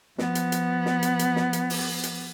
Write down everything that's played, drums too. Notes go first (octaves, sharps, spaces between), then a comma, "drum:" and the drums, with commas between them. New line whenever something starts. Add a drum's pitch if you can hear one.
F3 B3, drum: snare
drum: hi-hat
drum: hi-hat
drum: snare
drum: hi-hat
drum: hi-hat
drum: snare
drum: hi-hat
drum: open hi-hat
drum: hi-hat